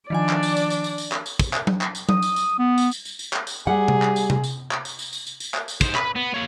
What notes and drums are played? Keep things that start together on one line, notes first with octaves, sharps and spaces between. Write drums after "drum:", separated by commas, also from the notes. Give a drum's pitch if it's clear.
D#3 F3 D4 D5 G#5
drum: clap
drum: tambourine
drum: tambourine
drum: tambourine
drum: tambourine
drum: tambourine
drum: clap
drum: tambourine
drum: kick, tambourine
drum: clap
drum: tom F#3
drum: clap
drum: tambourine
D#6, drum: tom F#3
drum: tambourine
drum: tambourine
B3
drum: tambourine
drum: tambourine
drum: tambourine
drum: tambourine
drum: clap
drum: tambourine
G3 G#4 F#5
drum: tom C3
drum: clap
drum: tambourine
drum: tom C3
drum: tambourine
drum: clap
drum: tambourine
drum: tambourine
drum: tambourine
drum: tambourine
drum: tambourine
drum: clap
drum: tambourine
D#4 C5, drum: kick, tambourine
B4 B5, drum: clap
B3
A#3 C#5